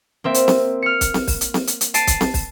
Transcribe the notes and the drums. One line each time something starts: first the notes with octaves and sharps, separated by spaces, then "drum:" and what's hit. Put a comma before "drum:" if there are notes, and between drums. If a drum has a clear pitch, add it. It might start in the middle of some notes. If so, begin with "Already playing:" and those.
A#3 C4 E5
drum: hi-hat
drum: snare C4
F6 C#7
drum: kick, hi-hat
drum: snare C4
drum: kick, open hi-hat
drum: hi-hat
drum: snare C4
drum: hi-hat
drum: hi-hat
A5 C7 D7 D#7, drum: hi-hat
drum: kick, hi-hat
drum: snare C4
drum: kick, open hi-hat